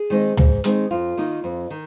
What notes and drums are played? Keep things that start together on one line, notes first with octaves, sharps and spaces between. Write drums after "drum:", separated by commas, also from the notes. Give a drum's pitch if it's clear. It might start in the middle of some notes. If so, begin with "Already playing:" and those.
Already playing: G#4
D#3 G#3 C4 D#4
G#2, drum: tom
D#3 G#3 C4 D#4, drum: hi-hat
F2 F4
D#3 A#3 D#4
F2
D#3